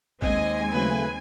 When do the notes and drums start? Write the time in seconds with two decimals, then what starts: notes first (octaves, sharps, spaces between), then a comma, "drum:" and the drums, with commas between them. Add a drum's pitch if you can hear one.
0.22 D#2 G#3 C4 D#5 G#5, drum: kick
0.72 C#3 F#3 A3 B4